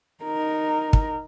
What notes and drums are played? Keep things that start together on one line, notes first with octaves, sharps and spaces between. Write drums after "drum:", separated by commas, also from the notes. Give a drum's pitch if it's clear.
D#4 A#4
drum: kick